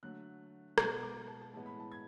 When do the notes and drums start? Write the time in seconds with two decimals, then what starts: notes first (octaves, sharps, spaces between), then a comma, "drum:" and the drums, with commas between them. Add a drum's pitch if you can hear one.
0.03 D3 F#3 A3 F#6
0.78 B2 G#3 B3 G#6, drum: rim click
1.03 D6
1.28 A5
1.41 A5
1.53 A2 E3 G#3 B3 A5
1.66 B5
1.79 A5
1.92 G#6